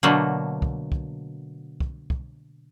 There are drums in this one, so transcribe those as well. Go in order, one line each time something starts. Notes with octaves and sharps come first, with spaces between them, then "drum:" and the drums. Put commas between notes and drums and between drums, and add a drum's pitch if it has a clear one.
B2 D3 F#3 A3 A#3
drum: kick
drum: kick
drum: kick
drum: kick